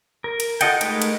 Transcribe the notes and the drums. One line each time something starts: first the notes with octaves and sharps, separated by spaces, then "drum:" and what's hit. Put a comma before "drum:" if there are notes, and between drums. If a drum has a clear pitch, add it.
A#4
drum: cymbal
F4 A4 D#5 F#5 G5, drum: cymbal
G#3 A3 D#4 A#4 B4, drum: cymbal
drum: cymbal